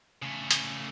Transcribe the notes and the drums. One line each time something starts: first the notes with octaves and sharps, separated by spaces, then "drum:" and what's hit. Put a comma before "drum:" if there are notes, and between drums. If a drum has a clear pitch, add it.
C#3 A3
drum: hi-hat